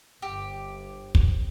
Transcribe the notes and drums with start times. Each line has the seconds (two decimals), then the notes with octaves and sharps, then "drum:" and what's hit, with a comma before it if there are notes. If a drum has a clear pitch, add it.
0.22 G1 G4
1.15 drum: kick